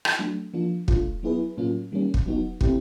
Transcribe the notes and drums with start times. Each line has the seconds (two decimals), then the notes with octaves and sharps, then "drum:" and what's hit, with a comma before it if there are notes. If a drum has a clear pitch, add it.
0.05 drum: rim click
0.19 F#3 A3 D4
0.54 F3 A#3 D4 F4
0.88 A3 D4 F4, drum: kick
1.23 F#3 B3 E4 G#4 B4
1.57 A2 F#3 A#3 C#4 F4
1.92 D#3 G3 A#3 C#4
2.14 drum: kick
2.26 F#3 B3 D#4 F#4
2.61 A3 C4 E4 G4, drum: kick